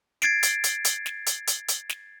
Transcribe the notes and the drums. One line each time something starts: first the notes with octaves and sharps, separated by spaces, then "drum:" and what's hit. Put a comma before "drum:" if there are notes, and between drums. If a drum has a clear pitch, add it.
G#6 A6 C7 D7, drum: snare
drum: hi-hat
drum: hi-hat
drum: hi-hat
drum: snare
drum: hi-hat
drum: hi-hat
drum: hi-hat
drum: snare